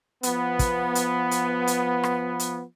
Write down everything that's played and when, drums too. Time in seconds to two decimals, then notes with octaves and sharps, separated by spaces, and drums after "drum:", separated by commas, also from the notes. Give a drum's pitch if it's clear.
0.23 F3 B3, drum: hi-hat
0.59 drum: kick, hi-hat
0.95 drum: hi-hat
1.31 drum: hi-hat
1.67 drum: hi-hat
2.03 drum: rim click
2.40 drum: hi-hat